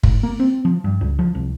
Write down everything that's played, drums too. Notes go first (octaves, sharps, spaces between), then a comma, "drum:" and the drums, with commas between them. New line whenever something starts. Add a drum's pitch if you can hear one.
G#2, drum: kick
A#3
C4
F3
G2
C#2
F3
C2